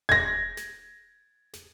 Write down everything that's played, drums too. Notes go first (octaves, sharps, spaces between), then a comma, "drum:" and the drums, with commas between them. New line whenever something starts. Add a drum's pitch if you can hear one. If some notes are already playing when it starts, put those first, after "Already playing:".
G#6 A#6, drum: kick E1
drum: snare
drum: snare